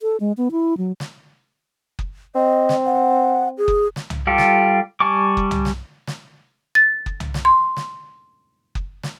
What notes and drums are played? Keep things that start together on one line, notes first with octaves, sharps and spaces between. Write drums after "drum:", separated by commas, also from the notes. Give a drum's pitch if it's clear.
A4
G#3
B3
E4
F#3
drum: snare
drum: kick F#1
C4 D#5
drum: snare
F#5
G#4
drum: kick F#1
drum: snare
drum: tom C2
G3 F4 G4 A4
drum: snare
G3 G#5 A5 C#6 D6
drum: kick F#1
drum: tom C2
drum: snare
drum: snare
A6
drum: kick F#1
drum: tom C2
drum: snare
C6
drum: snare
drum: kick F#1
drum: snare